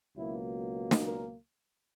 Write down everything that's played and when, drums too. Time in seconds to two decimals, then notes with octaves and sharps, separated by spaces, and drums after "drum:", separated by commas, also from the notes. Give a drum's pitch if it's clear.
0.16 C#2 B2 F#3 A#3 E4
0.91 drum: snare
1.06 A#4